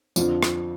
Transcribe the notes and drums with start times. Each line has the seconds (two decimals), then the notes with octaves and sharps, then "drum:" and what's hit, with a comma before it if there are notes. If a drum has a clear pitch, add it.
0.16 F2 D3 F3 F4, drum: tambourine
0.43 drum: rim click